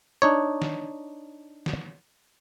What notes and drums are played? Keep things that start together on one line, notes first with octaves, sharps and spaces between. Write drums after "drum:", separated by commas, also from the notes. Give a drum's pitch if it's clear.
D4 D#4 C#5
drum: snare
drum: snare